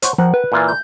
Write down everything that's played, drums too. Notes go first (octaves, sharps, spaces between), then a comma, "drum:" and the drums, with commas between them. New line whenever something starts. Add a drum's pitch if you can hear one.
C5 C#5 F#5, drum: hi-hat
F3 A#4 F#5 G5
B4
A#2 E3 F4
G6